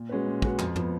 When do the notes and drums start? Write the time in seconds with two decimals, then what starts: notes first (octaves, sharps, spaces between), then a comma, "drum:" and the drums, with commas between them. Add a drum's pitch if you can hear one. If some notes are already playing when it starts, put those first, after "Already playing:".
Already playing: A#2
0.09 G#3 C#4 F#4 B4
0.27 A#2
0.42 G#3 C#4 F#4 B4, drum: kick
0.59 F2, drum: clap
0.76 F3 B3, drum: tom